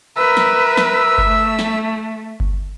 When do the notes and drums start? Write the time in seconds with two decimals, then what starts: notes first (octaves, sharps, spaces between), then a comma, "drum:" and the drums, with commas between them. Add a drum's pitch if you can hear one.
0.16 A#4 B4 E5 E6
0.37 drum: snare
0.77 drum: snare
1.18 drum: kick G1
1.27 A3
1.59 drum: snare
2.40 drum: kick G1